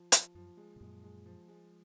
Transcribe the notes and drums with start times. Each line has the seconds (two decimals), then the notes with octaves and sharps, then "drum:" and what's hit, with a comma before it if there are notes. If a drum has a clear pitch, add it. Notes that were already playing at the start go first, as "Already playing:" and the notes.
Already playing: F3
0.12 F3, drum: hi-hat
0.35 F#2 F3
0.57 G#3
0.76 C3
0.80 F#2 A#2 G#3
1.04 G#3
1.26 F3
1.48 G#3